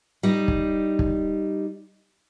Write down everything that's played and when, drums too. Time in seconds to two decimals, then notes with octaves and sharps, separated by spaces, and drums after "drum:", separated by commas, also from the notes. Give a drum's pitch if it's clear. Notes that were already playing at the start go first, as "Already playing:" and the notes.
0.23 G3 D#4
0.48 drum: kick
0.99 drum: kick